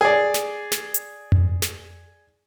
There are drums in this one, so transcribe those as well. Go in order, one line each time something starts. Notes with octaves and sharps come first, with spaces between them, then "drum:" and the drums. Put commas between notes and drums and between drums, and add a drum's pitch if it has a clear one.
G#4 D5
drum: snare
drum: snare
drum: hi-hat
drum: tom F2
drum: snare